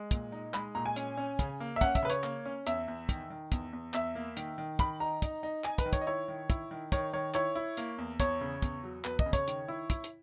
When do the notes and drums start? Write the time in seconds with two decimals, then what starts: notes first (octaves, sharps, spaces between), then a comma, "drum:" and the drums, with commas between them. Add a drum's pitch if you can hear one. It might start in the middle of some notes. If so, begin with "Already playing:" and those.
Already playing: G#3
0.11 A#2, drum: kick, hi-hat
0.32 D#4
0.54 G#3 B5, drum: clap
0.75 A#2 A#5
0.86 G#5
0.96 C#4, drum: hi-hat
1.17 C#4
1.39 C#3, drum: kick, hi-hat
1.60 A#3
1.76 E5
1.81 C#4 F#5, drum: kick, hi-hat
1.95 E5, drum: kick, hi-hat
2.03 C#3 B4
2.10 C#5, drum: hi-hat
2.24 A#3, drum: clap
2.46 C#4
2.67 E2 E5, drum: hi-hat
2.88 E2
3.09 D#3, drum: kick, hi-hat
3.30 D#3
3.52 E2, drum: kick, hi-hat
3.73 E2
3.94 E2 E5, drum: clap
4.15 A#3
4.37 D#3, drum: hi-hat
4.58 D#3
4.79 D#3 B5, drum: kick, hi-hat
5.00 D#4 A#5
5.22 D#4, drum: kick, hi-hat
5.43 D#4
5.64 D#4 G#5, drum: clap
5.78 B4, drum: kick, hi-hat
5.86 D#3
5.93 C#5, drum: kick, hi-hat
6.01 D#5
6.07 E4 C#5
6.28 D#3
6.50 E4, drum: kick, hi-hat
6.71 D#3
6.92 D#3 C#5, drum: kick, hi-hat
7.13 D#3 C#5
7.34 E4 C#5, drum: clap
7.55 E4
7.77 A#3, drum: hi-hat
7.98 E2
8.20 E2 C#5, drum: kick, hi-hat
8.41 C#3
8.62 E2, drum: kick, hi-hat
8.84 F#3
9.05 E2 B4, drum: clap
9.19 D#5, drum: kick
9.26 C#3
9.33 C#5, drum: kick, hi-hat
9.48 D#3, drum: hi-hat
9.68 E4
9.90 E4, drum: kick, hi-hat
10.04 drum: hi-hat